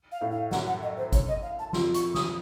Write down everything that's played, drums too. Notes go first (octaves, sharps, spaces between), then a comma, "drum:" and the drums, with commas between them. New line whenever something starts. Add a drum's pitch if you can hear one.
F5
A2 A3
F5
F#2 F#3 F#5, drum: snare
F#5
D#5
C5
C#5, drum: kick G#1, hi-hat
D#5
F5
A5
F2 F3 C6, drum: snare
C#6, drum: hi-hat
D#6, drum: snare